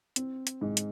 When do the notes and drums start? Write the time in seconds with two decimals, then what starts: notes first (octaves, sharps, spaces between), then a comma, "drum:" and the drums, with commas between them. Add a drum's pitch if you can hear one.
0.16 C4, drum: hi-hat
0.47 drum: hi-hat
0.61 G#2
0.77 drum: hi-hat